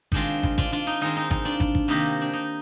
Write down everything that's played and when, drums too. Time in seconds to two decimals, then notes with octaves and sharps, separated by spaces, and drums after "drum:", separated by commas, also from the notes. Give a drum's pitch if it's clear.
0.12 D#3 G#3 C4 D4 F4, drum: kick
0.43 drum: kick, hi-hat
0.58 D4 F4, drum: kick
0.72 D4 F4
0.87 D#4
1.01 D#3 G#3 C4 D#4, drum: hi-hat
1.17 D#4
1.31 D#4, drum: kick, hi-hat
1.45 D4 F4
1.60 drum: kick, hi-hat
1.75 drum: kick
1.88 C3 D#3 A#3 D#4 G4, drum: hi-hat
2.22 D4
2.33 D#4